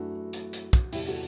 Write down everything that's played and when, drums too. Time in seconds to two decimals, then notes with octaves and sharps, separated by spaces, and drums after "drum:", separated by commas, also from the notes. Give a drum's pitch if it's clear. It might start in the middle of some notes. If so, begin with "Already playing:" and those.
Already playing: F#2 E3 A3 D4 F#4
0.33 drum: hi-hat
0.53 drum: hi-hat
0.73 drum: kick, hi-hat
0.92 E2 C3 G3 E4 G4, drum: open hi-hat
1.08 F#4 A4